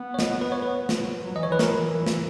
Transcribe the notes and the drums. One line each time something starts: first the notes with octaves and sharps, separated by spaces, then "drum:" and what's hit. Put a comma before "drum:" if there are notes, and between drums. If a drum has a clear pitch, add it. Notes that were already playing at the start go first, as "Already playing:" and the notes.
Already playing: B3
C#5
D#5, drum: snare
B4
C#5
B4
drum: snare
F#3
E3 D#5
C#5
E3
B4
E3 A#4, drum: snare
F#3
E3
drum: snare